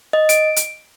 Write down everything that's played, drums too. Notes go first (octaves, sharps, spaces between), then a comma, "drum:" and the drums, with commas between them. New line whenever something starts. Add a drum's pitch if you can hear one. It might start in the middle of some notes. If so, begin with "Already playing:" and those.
D#5
D7, drum: hi-hat
drum: hi-hat